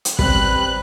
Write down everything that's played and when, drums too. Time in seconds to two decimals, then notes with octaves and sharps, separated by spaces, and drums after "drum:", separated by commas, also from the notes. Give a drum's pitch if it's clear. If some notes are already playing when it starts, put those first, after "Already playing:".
0.05 drum: hi-hat
0.19 G3 C4 B4 F#6, drum: kick